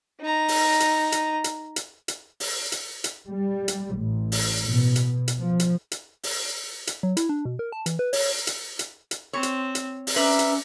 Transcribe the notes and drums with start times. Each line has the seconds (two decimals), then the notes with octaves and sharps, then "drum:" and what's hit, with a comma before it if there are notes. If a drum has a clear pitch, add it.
0.21 D#4 A#5
0.48 drum: open hi-hat
0.80 drum: hi-hat
1.12 drum: hi-hat
1.44 drum: hi-hat
1.76 drum: hi-hat
2.08 drum: hi-hat
2.40 drum: open hi-hat
2.72 drum: hi-hat
3.04 drum: hi-hat
3.28 G3
3.68 drum: hi-hat
3.96 A1
4.32 drum: open hi-hat
4.68 B2
4.96 drum: hi-hat
5.28 drum: hi-hat
5.38 F3
5.60 drum: hi-hat
5.92 drum: hi-hat
6.23 drum: open hi-hat
6.87 drum: hi-hat
7.03 F#3
7.17 E4, drum: hi-hat
7.29 D4
7.45 B2
7.59 A#4
7.72 A5
7.86 E3, drum: hi-hat
7.99 B4
8.13 C#5, drum: open hi-hat
8.47 drum: hi-hat
8.79 drum: hi-hat
9.11 drum: hi-hat
9.33 C4 C5 C#5
9.43 drum: hi-hat
9.75 drum: hi-hat
10.07 drum: open hi-hat
10.16 C#4 B4 D5 E5 A#5
10.39 drum: hi-hat